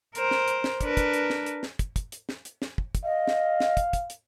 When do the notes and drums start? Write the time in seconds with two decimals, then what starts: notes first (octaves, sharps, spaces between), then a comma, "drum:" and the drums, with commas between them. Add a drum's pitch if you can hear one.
0.15 A#4 C5, drum: hi-hat
0.31 drum: snare
0.48 drum: hi-hat
0.64 drum: snare
0.81 D4 A#4 B4, drum: kick, hi-hat
0.97 drum: kick, hi-hat
1.13 drum: hi-hat
1.30 drum: snare
1.46 drum: hi-hat
1.63 drum: snare
1.79 drum: kick, hi-hat
1.96 drum: kick, hi-hat
2.12 drum: hi-hat
2.29 drum: snare
2.45 drum: hi-hat
2.62 drum: snare
2.78 drum: kick
2.95 drum: kick, hi-hat
3.04 D#5 F5
3.27 drum: snare
3.60 drum: snare
3.77 drum: kick, hi-hat
3.93 drum: kick, hi-hat
4.10 drum: hi-hat